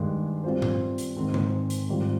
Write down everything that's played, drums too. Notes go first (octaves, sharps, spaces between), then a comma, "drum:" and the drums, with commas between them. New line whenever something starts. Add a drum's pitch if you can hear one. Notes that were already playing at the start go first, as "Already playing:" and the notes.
Already playing: G2 D#3 G#3
G3 C4 F4 C5
drum: tom G2
drum: hi-hat
G#2 D#3 G#3 C4
drum: tom C#3
drum: hi-hat
G#2 D#3 G3 C4 F4